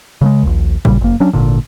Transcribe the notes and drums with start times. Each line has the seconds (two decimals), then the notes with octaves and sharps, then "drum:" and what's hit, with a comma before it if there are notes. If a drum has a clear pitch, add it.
0.21 C#3 G3 G#3
0.43 A#1 D#2
0.85 A#2 C#3 G3, drum: kick G#1
1.01 F#1 A#3
1.20 F#3 C#4 D4
1.33 G#1 A#2 D3